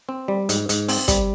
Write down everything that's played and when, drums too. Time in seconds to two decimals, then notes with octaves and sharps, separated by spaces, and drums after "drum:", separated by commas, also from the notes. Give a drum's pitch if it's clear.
0.09 C4
0.28 G3
0.49 G#2, drum: hi-hat
0.69 G#2, drum: hi-hat
0.88 C4, drum: open hi-hat
1.08 G3, drum: kick, hi-hat